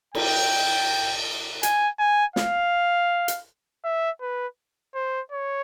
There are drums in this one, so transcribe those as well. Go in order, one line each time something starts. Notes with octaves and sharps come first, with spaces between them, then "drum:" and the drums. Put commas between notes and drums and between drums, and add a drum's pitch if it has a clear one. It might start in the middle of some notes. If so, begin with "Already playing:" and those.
G5, drum: cymbal
G#5, drum: hi-hat
G#5
F5, drum: snare
drum: hi-hat
E5
B4
C5
C#5